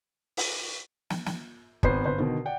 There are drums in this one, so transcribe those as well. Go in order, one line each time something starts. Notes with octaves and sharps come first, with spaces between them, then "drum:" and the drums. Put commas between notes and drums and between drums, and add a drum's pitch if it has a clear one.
drum: open hi-hat
drum: snare
drum: snare
G#1 B3 B4 C5 C7, drum: kick
G1 B4 C5
B2 D3 D#3
D5 F#5 G5